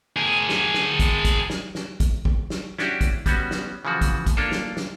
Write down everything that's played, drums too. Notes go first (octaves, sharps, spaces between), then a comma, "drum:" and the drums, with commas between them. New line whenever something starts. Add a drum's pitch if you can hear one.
G#4 A#4
drum: snare
drum: snare
drum: kick, hi-hat
drum: kick, hi-hat
drum: snare
drum: snare
drum: kick, hi-hat
drum: kick
drum: snare
C#4 D4 E4 F#4 G4, drum: snare
drum: kick, hi-hat
G3 B3 C#4 F#4, drum: kick, hi-hat
drum: snare
C#3 E3 F3 F#4
drum: kick, hi-hat
drum: kick, hi-hat
A#3 D4 F4 A4
drum: snare
drum: snare